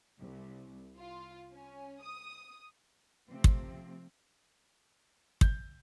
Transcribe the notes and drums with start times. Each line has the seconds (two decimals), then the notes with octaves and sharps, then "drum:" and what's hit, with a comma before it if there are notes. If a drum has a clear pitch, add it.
0.20 C2
0.97 F4
1.54 C#4
2.03 D#6
3.29 C3 F3 A3 C4
3.44 drum: kick
5.41 G6, drum: kick